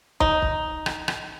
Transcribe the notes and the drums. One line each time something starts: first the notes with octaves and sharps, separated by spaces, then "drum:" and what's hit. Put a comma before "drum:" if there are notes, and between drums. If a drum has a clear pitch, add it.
D#4, drum: kick
drum: kick
drum: rim click
drum: rim click